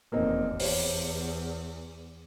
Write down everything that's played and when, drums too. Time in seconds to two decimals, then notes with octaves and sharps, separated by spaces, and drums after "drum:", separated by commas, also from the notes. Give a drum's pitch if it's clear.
0.12 F1 E2 A#3 C4 D#4
0.60 E2 G4 C5 C#5, drum: open hi-hat